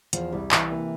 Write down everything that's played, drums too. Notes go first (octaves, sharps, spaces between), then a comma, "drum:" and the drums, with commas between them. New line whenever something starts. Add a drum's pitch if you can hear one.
E2 F3, drum: hi-hat
C2 G3
C3 E3, drum: clap
A#3